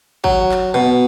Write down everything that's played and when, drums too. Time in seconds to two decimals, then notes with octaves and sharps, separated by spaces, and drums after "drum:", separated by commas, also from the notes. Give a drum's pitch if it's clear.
0.24 F#3, drum: kick
0.51 drum: clap
0.74 B2